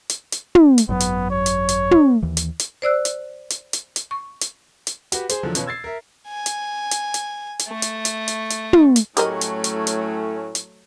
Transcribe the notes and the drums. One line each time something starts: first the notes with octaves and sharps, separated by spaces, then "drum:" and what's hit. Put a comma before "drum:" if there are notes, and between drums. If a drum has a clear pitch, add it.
drum: hi-hat
drum: hi-hat
drum: tom
drum: hi-hat
G#1 F#2 F#3 B3
drum: hi-hat
C#5
drum: hi-hat
drum: hi-hat
drum: tom
D#2 E3
drum: hi-hat
drum: hi-hat
C5 D5 E6 F#6
drum: hi-hat
drum: hi-hat
drum: hi-hat
drum: hi-hat
C#6
drum: hi-hat
drum: hi-hat
F#4 G4 B4, drum: hi-hat
G#4 C5, drum: hi-hat
E2 D3 F3 F#3
B2 C#4 F4 B4, drum: hi-hat
E6 G#6 A6 C7
A#4 E5
G#5
drum: hi-hat
drum: hi-hat
drum: hi-hat
drum: hi-hat
A3
drum: hi-hat
drum: hi-hat
drum: hi-hat
drum: hi-hat
drum: tom
drum: hi-hat
A2 F#3 A3 C#4 G4 A#4 D#5, drum: hi-hat
drum: hi-hat
drum: hi-hat
drum: hi-hat
drum: hi-hat